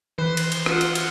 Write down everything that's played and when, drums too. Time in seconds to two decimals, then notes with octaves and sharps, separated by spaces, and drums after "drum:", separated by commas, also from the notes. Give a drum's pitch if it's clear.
0.18 E3 B4 C5
0.37 drum: cymbal
0.52 drum: cymbal
0.66 F4 F#5, drum: rim click
0.81 drum: cymbal
0.95 drum: cymbal